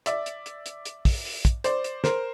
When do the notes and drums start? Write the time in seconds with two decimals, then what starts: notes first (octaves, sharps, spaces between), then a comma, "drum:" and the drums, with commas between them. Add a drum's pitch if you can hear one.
0.06 D5 E5, drum: hi-hat
0.26 drum: hi-hat
0.46 drum: hi-hat
0.66 drum: hi-hat
0.85 drum: hi-hat
1.05 drum: kick, open hi-hat
1.25 drum: open hi-hat
1.45 drum: kick, hi-hat
1.64 C5 D5, drum: hi-hat
1.84 drum: hi-hat
2.04 A#4 C5, drum: snare